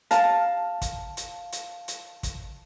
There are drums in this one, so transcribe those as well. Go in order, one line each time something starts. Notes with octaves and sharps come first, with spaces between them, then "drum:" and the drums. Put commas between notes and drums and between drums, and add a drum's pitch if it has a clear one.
F5 A5 A#5, drum: hi-hat
drum: kick, hi-hat
drum: hi-hat
drum: hi-hat
drum: hi-hat
drum: kick, hi-hat